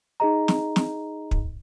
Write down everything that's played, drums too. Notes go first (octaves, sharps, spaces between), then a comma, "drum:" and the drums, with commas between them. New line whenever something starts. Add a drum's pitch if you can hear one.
D#4 G#4 D#5 A#5
drum: snare
drum: snare
drum: kick